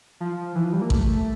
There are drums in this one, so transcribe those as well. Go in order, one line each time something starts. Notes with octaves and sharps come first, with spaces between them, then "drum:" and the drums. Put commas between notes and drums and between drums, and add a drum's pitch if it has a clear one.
F3
E3
F3
G3
A#3
A3, drum: kick A1